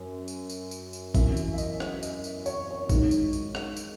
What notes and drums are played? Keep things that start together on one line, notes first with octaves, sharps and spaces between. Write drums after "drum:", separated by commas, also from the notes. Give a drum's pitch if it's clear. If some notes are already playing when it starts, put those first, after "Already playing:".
Already playing: F#2
drum: tambourine
drum: tambourine
drum: tambourine
drum: tambourine
F#2 E3 E5, drum: kick, tambourine
drum: tambourine
E5
D#5, drum: tambourine
drum: rim click
D#5, drum: tambourine
drum: tambourine
C#5, drum: tambourine
C#5
G#2 D#3, drum: kick, tambourine
drum: tambourine
drum: tambourine
drum: rim click
drum: tambourine